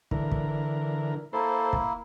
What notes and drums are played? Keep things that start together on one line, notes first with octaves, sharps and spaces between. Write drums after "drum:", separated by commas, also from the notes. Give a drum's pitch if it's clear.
D3 E3 A#4, drum: kick
drum: kick
A#3 E4 A4 C5
drum: kick